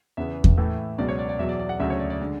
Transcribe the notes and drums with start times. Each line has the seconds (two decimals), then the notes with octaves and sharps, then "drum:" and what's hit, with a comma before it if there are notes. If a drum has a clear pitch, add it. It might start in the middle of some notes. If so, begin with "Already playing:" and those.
0.17 E2 C#3 E3 B3 E5
0.44 drum: kick E2
0.58 A2 E3 A3
0.98 C#2 B2 F#3 D5
1.08 C#5
1.19 D5
1.29 D5
1.39 E2 B2 F#3 E5
1.49 D5
1.59 D5
1.69 F#5
1.80 D2 C#3 F#3 A3 E5
1.90 C#5
2.00 D5
2.10 D5
2.21 D3 G#3